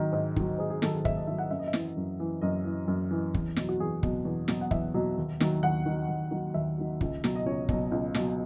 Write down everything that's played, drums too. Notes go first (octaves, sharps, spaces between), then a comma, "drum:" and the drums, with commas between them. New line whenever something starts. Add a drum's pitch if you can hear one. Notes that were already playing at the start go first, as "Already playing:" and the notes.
Already playing: G#2 D#3 F#3
G#2
D#3 F#3, drum: kick
G#2 G#4
G#4
D#3 F#3 A4, drum: snare
G#4
G#2 E5, drum: kick
D#5
D#3 F#3 E5
F#5
F#2 E5
D#5
E5
E3, drum: snare
F#2
E3
F#2 D#5
E3
F#2
E3
E2, drum: kick
B2 F#3, drum: snare
F#4
E2 G#4
B2 F#3, drum: kick
E2
B2 F#3, drum: snare
F#5
E2 E5, drum: kick
B2 F#3
D#2
D#3 F#3, drum: snare
D#2 F#5
D#3 F#3
D#2
D#3 F#3
D#2 E5
D#3 F#3
C#2, drum: kick
B2 F#3, drum: snare
D#5
C#2 C#5
B2 F#3, drum: kick
C#2
B2 F#3, drum: snare